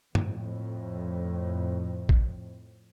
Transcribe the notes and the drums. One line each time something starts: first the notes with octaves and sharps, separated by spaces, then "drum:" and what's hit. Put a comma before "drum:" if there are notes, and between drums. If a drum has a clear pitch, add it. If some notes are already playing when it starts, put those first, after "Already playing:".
F2 A2, drum: tom
drum: kick